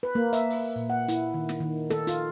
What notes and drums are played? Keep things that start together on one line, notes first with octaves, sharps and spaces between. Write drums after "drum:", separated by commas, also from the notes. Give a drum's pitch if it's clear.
B4
A#3
E5, drum: hi-hat
drum: open hi-hat
A#2
F#5
E4, drum: hi-hat
D#3
drum: snare
D#3
A4, drum: snare
F4, drum: hi-hat